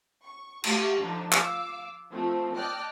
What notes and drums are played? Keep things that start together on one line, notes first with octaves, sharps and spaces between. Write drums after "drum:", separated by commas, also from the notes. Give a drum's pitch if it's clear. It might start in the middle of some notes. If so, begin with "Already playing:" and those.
C#6
A3 F#4 G4 E5 F5, drum: cymbal
D3 F3 D4 D#4
F5 D6 E6, drum: clap
F3 A3 C4
D5 D#5 G5 A5 F6 F#6